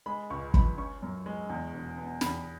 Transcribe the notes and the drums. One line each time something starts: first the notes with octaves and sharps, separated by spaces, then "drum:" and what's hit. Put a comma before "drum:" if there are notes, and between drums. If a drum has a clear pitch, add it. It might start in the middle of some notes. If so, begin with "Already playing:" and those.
G#3 B5
C#2 C#6
C#2 B5, drum: kick
C#4 C#6
F#2
G#3
E2
E1
B3
E2 B5, drum: snare